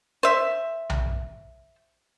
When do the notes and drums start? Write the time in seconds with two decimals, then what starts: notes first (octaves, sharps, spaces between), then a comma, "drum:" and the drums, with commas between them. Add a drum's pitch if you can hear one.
0.23 C5 E5
0.90 drum: tom B1